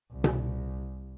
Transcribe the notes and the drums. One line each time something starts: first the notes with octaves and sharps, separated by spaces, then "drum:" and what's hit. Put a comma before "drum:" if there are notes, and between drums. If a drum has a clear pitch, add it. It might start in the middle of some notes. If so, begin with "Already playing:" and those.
C2
drum: tom B2